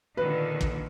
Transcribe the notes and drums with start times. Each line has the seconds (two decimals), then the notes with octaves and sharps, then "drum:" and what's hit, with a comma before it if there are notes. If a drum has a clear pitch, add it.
0.17 A#2 D3 D#3 B4
0.61 drum: kick